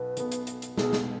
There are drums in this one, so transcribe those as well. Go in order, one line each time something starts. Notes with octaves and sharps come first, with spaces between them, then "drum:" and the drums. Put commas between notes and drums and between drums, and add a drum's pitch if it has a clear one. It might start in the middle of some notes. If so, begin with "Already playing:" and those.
Already playing: B1 B2 B3 B4
B1 B2 B3, drum: hi-hat
drum: hi-hat
drum: hi-hat
drum: hi-hat
B1 B2 B3 G#4, drum: snare
drum: snare